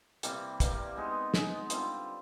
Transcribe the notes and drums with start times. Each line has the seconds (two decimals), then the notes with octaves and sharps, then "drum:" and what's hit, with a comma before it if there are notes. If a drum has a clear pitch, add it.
0.23 C3 E3 G3 A#3, drum: hi-hat
0.60 C3 E3 G3 A#3, drum: kick, hi-hat
0.97 G#3 B3 D#4
1.34 G#3 B3 D#4, drum: snare
1.70 D3 G3 C4 F4, drum: hi-hat